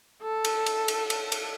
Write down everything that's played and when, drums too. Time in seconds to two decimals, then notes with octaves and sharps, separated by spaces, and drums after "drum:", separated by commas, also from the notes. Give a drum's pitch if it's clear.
0.23 A4
0.45 drum: cymbal
0.66 drum: cymbal
0.88 drum: cymbal
1.10 drum: cymbal
1.32 drum: cymbal